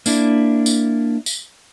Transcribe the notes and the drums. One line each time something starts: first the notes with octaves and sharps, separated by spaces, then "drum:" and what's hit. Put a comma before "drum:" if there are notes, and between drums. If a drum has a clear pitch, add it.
A#3 D4 E4, drum: tambourine
drum: tambourine
drum: tambourine